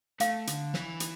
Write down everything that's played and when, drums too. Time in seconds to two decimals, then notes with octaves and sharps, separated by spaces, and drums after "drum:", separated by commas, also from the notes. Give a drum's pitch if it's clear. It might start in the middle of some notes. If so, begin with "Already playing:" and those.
0.20 A3 F5, drum: hi-hat
0.47 D3, drum: hi-hat
0.74 E3, drum: snare
1.00 drum: hi-hat